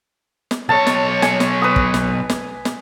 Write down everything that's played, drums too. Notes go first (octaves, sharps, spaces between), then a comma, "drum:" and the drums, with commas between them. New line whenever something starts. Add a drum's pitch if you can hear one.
drum: snare
B1 C#5 A5
drum: snare
G#5, drum: snare
drum: snare
B4 D#6
drum: kick
drum: snare
drum: snare
drum: snare